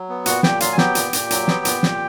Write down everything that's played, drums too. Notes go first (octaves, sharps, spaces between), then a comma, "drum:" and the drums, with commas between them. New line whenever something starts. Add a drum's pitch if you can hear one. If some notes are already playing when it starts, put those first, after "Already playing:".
Already playing: F#3
B3
A#2 F#4 F#5, drum: hi-hat
A#2 G4 G5, drum: snare
F#3 F4 F5, drum: hi-hat
G#5
B3 G4 G5, drum: snare
A#2, drum: hi-hat
A#2, drum: hi-hat
F#3, drum: hi-hat
B3, drum: snare
A#2, drum: hi-hat
A#2, drum: snare